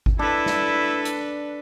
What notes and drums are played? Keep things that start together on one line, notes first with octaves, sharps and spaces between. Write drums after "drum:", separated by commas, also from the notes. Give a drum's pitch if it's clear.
drum: kick G#1
D4 E4 A4 B4
drum: snare
drum: hi-hat